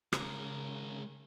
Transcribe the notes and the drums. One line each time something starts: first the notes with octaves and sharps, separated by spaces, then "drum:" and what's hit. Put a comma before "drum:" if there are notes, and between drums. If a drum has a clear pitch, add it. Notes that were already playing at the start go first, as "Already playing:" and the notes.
C#3 G#3 A#4, drum: rim click